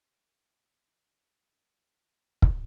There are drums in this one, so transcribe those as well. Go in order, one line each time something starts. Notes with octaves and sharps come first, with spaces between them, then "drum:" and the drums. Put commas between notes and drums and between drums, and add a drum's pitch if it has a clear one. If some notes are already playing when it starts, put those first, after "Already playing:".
F#1 F#2 E3 A3 G#4
F#4
D2 C#3 G#3 C#4
F#4
E4
drum: kick